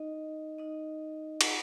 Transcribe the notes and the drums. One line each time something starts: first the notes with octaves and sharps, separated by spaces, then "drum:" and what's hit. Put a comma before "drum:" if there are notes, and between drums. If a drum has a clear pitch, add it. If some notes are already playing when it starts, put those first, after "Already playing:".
Already playing: D#4 D#5
D#4 D#5
F#5, drum: cymbal